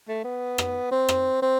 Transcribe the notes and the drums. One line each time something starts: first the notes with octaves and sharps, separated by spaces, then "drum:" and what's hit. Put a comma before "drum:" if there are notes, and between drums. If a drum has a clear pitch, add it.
A3
B3
drum: rim click
C4
drum: rim click
C4